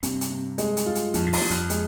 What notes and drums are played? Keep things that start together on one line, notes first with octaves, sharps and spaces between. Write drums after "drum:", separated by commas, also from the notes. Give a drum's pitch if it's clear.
G2 C3, drum: hi-hat
drum: hi-hat
C3
G#3, drum: hi-hat
drum: hi-hat
F4
drum: hi-hat
F2 F3, drum: hi-hat
G#2
G2, drum: open hi-hat
F3
F2, drum: hi-hat
G#3, drum: hi-hat